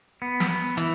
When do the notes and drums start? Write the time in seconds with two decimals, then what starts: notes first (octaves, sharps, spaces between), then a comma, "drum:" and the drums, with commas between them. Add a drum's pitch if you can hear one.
0.22 B3
0.40 drum: snare
0.49 B3
0.77 E3, drum: hi-hat